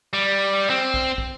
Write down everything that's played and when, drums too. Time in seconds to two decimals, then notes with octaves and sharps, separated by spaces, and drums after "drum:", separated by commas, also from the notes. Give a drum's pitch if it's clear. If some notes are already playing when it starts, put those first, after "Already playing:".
0.13 G3
0.70 C4
0.94 drum: kick
1.18 drum: kick